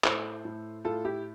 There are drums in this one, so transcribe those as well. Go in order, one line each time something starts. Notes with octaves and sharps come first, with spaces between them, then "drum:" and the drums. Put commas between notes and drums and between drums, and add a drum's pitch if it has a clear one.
A2 A4 C5, drum: clap
A2
A2 F4 A4
E4 G4